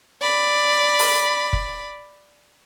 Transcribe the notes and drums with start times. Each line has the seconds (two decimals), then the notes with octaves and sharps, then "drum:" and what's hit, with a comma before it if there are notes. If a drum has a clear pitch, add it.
0.22 D5 B5
0.99 drum: open hi-hat
1.53 drum: kick